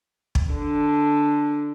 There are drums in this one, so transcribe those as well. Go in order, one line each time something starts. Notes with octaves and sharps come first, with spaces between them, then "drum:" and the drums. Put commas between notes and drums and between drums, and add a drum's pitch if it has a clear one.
drum: kick
D3 D4